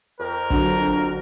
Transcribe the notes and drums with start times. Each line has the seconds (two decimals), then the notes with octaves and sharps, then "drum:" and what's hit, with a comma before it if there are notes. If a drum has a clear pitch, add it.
0.20 F2 A#4
0.50 D3 F#3, drum: kick